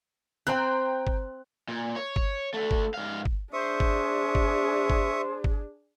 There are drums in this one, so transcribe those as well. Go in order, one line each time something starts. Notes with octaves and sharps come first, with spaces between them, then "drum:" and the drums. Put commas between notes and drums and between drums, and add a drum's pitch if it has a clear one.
C4 G5 A#5 C6 F#6
drum: kick G1
A#2
C#5
drum: kick G1
D3 A3
drum: kick G1
G#2 F5
drum: kick G1
D4 G#4 C5 E5 C#6 D#6
drum: kick G1
drum: kick G1
drum: kick G1
drum: kick G1